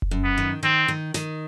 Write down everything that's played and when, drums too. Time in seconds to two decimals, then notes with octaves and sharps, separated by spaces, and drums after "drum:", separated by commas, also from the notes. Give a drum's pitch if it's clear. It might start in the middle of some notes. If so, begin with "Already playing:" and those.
0.02 drum: kick F1
0.11 F#2
0.24 B3
0.38 D#3
0.63 D#3 C4
0.88 D#3
1.14 D#3, drum: snare